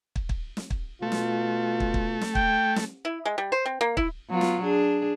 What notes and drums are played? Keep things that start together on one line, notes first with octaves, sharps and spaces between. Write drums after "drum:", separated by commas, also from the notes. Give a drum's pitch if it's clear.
drum: kick
drum: kick
drum: snare
drum: kick
B2 A3 F4
drum: snare
drum: kick
drum: kick
drum: snare
G5, drum: kick
drum: snare
E4
G#3
G3
C5
C4
A#3
E4, drum: kick
F#3 B3 F4
drum: snare
D4 G#4